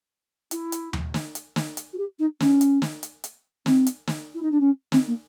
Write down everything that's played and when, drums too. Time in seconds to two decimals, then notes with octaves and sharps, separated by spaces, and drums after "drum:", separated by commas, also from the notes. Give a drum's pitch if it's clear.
0.51 E4, drum: hi-hat
0.72 drum: hi-hat
0.93 drum: tom D#2
1.14 drum: snare
1.35 drum: hi-hat
1.56 drum: snare
1.77 drum: hi-hat
1.93 F#4
1.97 G4
2.19 D#4
2.40 C#4, drum: snare
2.61 drum: hi-hat
2.82 drum: snare
3.03 drum: hi-hat
3.24 drum: hi-hat
3.66 C4, drum: snare
3.87 drum: hi-hat
4.07 drum: snare
4.34 E4
4.42 D#4
4.51 D4
4.60 C#4
4.92 C4, drum: snare
5.07 A#3